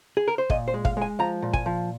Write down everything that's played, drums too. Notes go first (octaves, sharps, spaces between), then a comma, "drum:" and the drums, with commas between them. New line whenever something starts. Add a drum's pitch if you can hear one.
G#4
A#4
C5
A#2 D#5, drum: kick
C5
G#3
F5, drum: kick
G#3 G#5
F3 A#5
A#2
G#5, drum: kick
F3